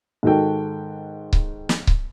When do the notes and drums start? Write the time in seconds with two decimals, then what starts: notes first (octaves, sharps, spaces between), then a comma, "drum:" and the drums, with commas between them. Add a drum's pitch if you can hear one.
0.23 G#2 D#3 F#4 A4 G5
1.33 drum: kick C#1
1.69 drum: snare
1.87 drum: kick C#1